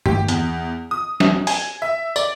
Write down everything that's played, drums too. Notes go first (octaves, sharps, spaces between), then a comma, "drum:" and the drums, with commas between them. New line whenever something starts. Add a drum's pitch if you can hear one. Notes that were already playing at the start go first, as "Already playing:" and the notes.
G4, drum: tom
E2, drum: hi-hat
D#6
drum: snare
G#5, drum: open hi-hat
E5
D5, drum: tambourine